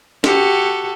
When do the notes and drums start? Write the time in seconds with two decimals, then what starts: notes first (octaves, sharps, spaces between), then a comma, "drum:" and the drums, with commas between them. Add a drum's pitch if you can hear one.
0.24 F#4 G4 A4, drum: snare D4